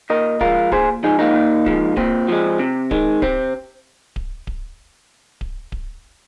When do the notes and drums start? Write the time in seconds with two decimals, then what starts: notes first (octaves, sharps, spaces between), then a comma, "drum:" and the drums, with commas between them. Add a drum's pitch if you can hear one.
0.10 A#2 A#4 D#5
0.41 F3 G#3 F4 A#4, drum: kick D1
0.72 A#2 G#4 C5, drum: kick D1
1.03 F3 G#3 D#4 G#4
1.19 A#3 D#4
1.34 A#2
1.66 F3 G#3, drum: kick D1
1.97 A#2 C4, drum: kick D1
2.28 F3 G#3
2.59 C3
2.91 D#3 G#3, drum: kick D1
3.22 C3 C4, drum: kick D1
4.16 drum: kick D1
4.47 drum: kick D1
5.41 drum: kick D1
5.72 drum: kick D1